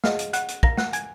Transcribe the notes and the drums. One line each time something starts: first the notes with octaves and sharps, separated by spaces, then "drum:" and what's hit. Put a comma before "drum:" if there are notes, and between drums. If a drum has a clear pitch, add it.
G#4 D#5 F5 F#5 F6, drum: snare
drum: hi-hat
F#5 F#6, drum: hi-hat
drum: hi-hat
A#4 F5 A#5 A#6, drum: kick
F#5 F#6, drum: snare
G#5 G#6, drum: hi-hat